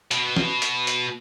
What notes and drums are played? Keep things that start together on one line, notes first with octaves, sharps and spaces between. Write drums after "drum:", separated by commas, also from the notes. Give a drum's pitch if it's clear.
B2, drum: hi-hat
drum: snare
drum: hi-hat
drum: hi-hat